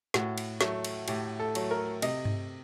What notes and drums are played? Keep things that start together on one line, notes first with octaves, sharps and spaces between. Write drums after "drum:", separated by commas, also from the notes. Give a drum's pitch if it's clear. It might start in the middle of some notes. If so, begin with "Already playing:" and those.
A2 F#4, drum: snare
drum: cymbal
F#3 A3, drum: snare
drum: cymbal
A2 G4, drum: cymbal
A4
F#3 A3, drum: cymbal
A#4
C3 D#5, drum: cymbal
drum: tom G2